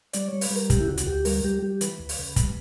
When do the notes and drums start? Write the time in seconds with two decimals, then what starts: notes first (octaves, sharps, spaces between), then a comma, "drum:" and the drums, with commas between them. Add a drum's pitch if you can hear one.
0.13 G3 D5, drum: hi-hat
0.28 G3 C#5
0.41 B4, drum: open hi-hat
0.51 G3 A#4
0.70 C#3 G4, drum: kick, hi-hat
0.80 E4
0.88 D2 F#4
0.97 drum: hi-hat
1.07 D2 G4
1.25 G3 A#4, drum: open hi-hat
1.44 G3 G4
1.62 G3 G4
1.81 E3 B4, drum: hi-hat
1.99 D2
2.09 drum: open hi-hat
2.19 C#3
2.36 G3, drum: kick, hi-hat